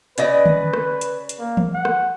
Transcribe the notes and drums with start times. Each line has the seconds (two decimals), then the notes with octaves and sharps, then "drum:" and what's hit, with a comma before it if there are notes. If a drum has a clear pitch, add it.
0.18 C#3 B4 D5 D#5, drum: hi-hat
0.46 drum: tom D3
0.73 drum: rim click
1.01 drum: hi-hat
1.29 drum: hi-hat
1.39 A#3
1.57 drum: tom E3
1.74 F#5
1.85 drum: rim click